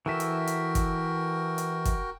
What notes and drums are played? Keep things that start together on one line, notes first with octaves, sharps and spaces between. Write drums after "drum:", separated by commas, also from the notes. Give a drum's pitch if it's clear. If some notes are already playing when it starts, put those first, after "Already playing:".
E3 F#4 A4 A#4 E5 G5
drum: hi-hat
drum: hi-hat
drum: kick, hi-hat
drum: hi-hat
drum: kick, hi-hat